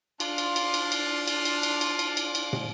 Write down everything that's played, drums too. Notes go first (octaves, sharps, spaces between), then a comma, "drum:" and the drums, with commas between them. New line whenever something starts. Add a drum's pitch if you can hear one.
D4 F4, drum: cymbal
drum: cymbal
drum: cymbal
drum: cymbal
drum: cymbal
drum: cymbal
drum: cymbal
drum: cymbal
drum: cymbal
drum: cymbal
drum: cymbal
drum: cymbal
drum: tom